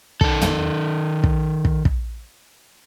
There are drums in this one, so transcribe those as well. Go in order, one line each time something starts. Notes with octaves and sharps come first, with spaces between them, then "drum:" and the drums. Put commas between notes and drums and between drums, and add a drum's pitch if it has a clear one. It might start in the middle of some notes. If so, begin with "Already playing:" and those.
D#3 A4, drum: kick
drum: tom
drum: kick
drum: kick
drum: kick